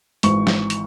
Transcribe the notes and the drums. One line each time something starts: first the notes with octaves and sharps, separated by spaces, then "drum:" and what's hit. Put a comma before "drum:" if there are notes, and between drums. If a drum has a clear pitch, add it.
G#1 G#2 E3 C#6, drum: hi-hat
drum: snare
drum: hi-hat